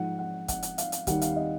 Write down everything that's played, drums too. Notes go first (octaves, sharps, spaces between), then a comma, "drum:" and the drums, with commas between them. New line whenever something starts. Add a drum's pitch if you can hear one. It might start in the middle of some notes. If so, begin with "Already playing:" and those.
Already playing: G#2 F3 F#5
F#5
F#5, drum: kick, hi-hat
drum: hi-hat
F5, drum: hi-hat
drum: hi-hat
D#2 D#3 G3 F#5, drum: kick, hi-hat
F5, drum: hi-hat
D#5